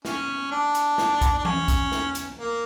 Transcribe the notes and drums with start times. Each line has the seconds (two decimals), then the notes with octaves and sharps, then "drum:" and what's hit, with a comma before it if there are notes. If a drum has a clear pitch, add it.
0.05 C#4, drum: snare
0.51 D4
0.75 drum: hi-hat
0.98 drum: snare
1.21 drum: kick B1, hi-hat
1.38 D4
1.45 C#4, drum: tom E3
1.68 drum: kick B1, hi-hat
1.92 drum: snare
2.15 drum: hi-hat
2.38 A#3